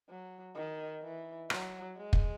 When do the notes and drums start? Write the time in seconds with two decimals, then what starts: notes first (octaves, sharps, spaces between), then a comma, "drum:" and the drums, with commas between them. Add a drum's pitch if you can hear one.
0.09 F#3
0.55 D#3
1.02 E3
1.50 F#3, drum: rim click
1.96 G#3
2.13 drum: kick